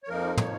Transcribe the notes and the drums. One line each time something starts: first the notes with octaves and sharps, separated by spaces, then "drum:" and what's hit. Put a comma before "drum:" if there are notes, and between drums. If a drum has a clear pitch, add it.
C#5
F2 F3 A#3 D#4 A#4
C#5, drum: tom